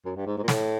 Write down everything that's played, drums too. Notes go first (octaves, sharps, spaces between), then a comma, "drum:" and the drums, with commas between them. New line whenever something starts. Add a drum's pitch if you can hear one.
F#2
G2
G#2
G#2
A#2
A2, drum: snare